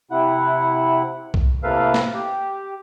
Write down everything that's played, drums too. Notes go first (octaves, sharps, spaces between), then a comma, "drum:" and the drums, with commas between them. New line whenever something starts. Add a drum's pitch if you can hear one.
C3 E4 F#5
drum: kick B1
A2 C3 A#3 A4 B4 F5
drum: snare
G4